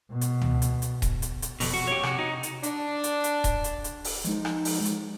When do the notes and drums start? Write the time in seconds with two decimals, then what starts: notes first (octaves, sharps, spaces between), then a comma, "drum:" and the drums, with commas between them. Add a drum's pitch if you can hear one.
0.12 B2
0.21 drum: hi-hat
0.42 drum: tom C#2
0.62 drum: hi-hat
0.82 drum: hi-hat
1.02 drum: kick D#1, hi-hat
1.22 drum: hi-hat
1.42 drum: hi-hat
1.60 F2 B2, drum: open hi-hat
1.74 F#4
1.87 G4 C#5
2.03 C3 F#4, drum: rim click
2.19 D#4
2.43 drum: hi-hat
2.63 D4, drum: hi-hat
3.04 drum: hi-hat
3.24 drum: hi-hat
3.44 drum: kick D#1, hi-hat
3.64 drum: hi-hat
3.84 drum: hi-hat
4.04 drum: open hi-hat
4.25 F3 G#3 D#4, drum: hi-hat
4.45 drum: rim click
4.65 drum: open hi-hat
4.85 drum: hi-hat